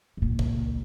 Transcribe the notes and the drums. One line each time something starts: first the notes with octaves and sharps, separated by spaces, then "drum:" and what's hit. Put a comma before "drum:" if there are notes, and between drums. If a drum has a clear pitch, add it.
C#2 A#2
drum: kick